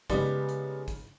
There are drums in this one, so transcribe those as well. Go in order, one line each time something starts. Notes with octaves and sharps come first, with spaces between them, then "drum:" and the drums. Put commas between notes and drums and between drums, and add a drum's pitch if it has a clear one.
C#3 G3 G#3 B3 D#4, drum: kick, hi-hat
drum: hi-hat
drum: kick, hi-hat